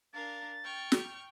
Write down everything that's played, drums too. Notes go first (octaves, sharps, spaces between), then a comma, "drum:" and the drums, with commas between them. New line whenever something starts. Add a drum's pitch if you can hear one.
D4 A#4 F5 A6
G5 C#6 F6
drum: snare